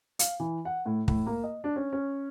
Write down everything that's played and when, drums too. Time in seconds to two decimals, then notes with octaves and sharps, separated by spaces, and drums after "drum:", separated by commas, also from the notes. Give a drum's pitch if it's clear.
0.19 F5, drum: hi-hat
0.40 E3
0.65 F#5
0.86 A2
1.08 A2, drum: kick
1.26 A#3
1.44 D#5
1.64 D4
1.76 C#4
1.93 C#4